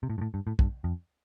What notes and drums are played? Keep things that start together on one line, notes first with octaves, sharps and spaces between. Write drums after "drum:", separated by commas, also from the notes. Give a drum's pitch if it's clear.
C3
A2
G2
A2
G2
A2
G2, drum: kick
F2